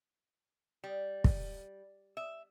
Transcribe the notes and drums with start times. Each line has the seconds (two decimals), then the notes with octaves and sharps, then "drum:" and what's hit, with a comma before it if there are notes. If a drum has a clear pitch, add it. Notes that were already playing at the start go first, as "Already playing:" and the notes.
0.84 G3
1.24 drum: kick
2.17 E5